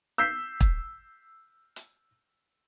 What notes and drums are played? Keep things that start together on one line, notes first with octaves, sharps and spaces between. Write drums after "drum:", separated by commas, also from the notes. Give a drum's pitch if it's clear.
E6 G6 B6 C7
drum: kick
drum: hi-hat